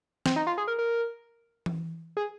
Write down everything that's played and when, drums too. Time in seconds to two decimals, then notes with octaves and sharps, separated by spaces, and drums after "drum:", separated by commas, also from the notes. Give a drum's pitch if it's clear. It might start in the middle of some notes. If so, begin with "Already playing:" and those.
0.26 C4, drum: snare
0.36 D#4
0.47 F4
0.58 G#4
0.68 A#4
0.79 A#4
1.66 drum: tom E3
2.17 G#4